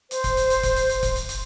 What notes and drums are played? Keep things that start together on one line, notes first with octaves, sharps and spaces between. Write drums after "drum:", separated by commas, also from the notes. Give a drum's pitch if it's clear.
C5, drum: hi-hat
drum: kick C#1, hi-hat
drum: hi-hat
drum: hi-hat
drum: kick C#1, hi-hat
drum: hi-hat
drum: hi-hat
drum: kick C#1, hi-hat
drum: hi-hat
drum: hi-hat